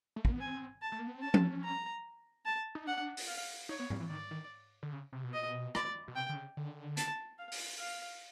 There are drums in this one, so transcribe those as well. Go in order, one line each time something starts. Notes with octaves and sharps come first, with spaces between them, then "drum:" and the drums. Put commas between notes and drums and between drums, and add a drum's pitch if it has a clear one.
A3
A#3, drum: kick
B3
C4 G#5
A5
A3
A#3
B3
C4
C#4 A5
drum: tom F3
A#5
A5
D#4
D4 F#5
drum: open hi-hat
F5
D#4 C#5
B3
G3, drum: tom G#2
E3
D#3 D5
D#3
D3
C#3
C3
B2
A#2 D#5
B2
D5, drum: rim click
B2
C3 G5
D3
C#3
D3
A5, drum: hi-hat
F5
drum: open hi-hat
F5